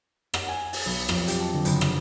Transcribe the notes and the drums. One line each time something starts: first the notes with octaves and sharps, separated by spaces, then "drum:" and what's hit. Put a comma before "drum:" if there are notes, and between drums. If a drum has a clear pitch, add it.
F#5, drum: rim click
G#5
A6, drum: open hi-hat
B1
F2, drum: rim click
G4, drum: hi-hat
A5
D3
F#1, drum: hi-hat
E7, drum: rim click